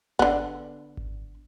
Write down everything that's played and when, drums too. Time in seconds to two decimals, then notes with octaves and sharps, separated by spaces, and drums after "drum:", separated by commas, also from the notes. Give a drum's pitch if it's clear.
0.19 D3 B3, drum: kick G#1
0.97 drum: kick G#1